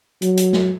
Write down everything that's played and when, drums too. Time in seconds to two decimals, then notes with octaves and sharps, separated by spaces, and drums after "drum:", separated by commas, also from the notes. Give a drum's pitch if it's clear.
0.22 F#3, drum: hi-hat
0.37 drum: hi-hat
0.53 drum: snare A3